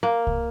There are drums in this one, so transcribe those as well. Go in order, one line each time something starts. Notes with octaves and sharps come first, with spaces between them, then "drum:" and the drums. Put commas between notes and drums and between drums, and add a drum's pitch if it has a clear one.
A#3
drum: kick C2